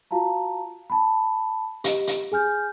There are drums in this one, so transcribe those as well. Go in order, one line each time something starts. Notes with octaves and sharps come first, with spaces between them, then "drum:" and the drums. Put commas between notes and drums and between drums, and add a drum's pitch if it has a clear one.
F4 F#4 F5 A5 A#5
A5 B5
G4 D#5, drum: hi-hat
drum: hi-hat
G#4 G#5 F6 G6